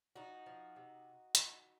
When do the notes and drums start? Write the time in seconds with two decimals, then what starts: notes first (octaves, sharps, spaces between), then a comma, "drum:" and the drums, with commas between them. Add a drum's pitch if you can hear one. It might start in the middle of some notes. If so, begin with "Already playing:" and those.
0.16 F3 D#4 F#4
0.46 F3
0.76 C3
1.35 drum: hi-hat